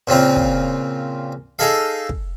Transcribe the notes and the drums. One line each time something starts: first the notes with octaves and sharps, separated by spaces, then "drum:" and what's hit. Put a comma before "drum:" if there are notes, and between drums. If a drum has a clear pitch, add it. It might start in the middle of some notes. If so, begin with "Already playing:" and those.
A#2 C#3 C4 F4
drum: kick
D#4 G#4 A4 F5
drum: kick